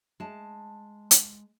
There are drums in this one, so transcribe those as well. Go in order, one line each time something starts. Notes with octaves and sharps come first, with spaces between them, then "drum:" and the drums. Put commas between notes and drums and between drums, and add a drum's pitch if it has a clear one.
G#3 A5
drum: hi-hat